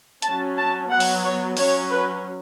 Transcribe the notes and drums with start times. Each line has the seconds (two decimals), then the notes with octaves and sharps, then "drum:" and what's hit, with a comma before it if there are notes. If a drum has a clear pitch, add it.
0.22 F#3 C#4 A5, drum: hi-hat
0.56 A5
0.90 F#3 B3 F#5
1.00 drum: open hi-hat
1.23 C#5
1.57 F#3 C#4 C#5, drum: open hi-hat
1.90 B4